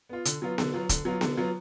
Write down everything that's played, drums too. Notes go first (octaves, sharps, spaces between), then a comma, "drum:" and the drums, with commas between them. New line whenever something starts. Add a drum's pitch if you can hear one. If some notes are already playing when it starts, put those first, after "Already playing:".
B3 F4
D3, drum: hi-hat
F#3 B3 F4
D3, drum: snare B3
F#3 B3 F4
D3, drum: kick E1, hi-hat
F#3 B3 F4
D3, drum: snare B3
F#3 B3 F4